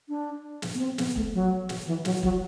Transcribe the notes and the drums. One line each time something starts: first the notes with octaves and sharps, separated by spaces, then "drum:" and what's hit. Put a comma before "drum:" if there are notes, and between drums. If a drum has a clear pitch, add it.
D4
drum: snare
B3
C4
B3, drum: snare
A3, drum: kick
F#3
drum: snare
E3
F#3, drum: snare
F#3, drum: kick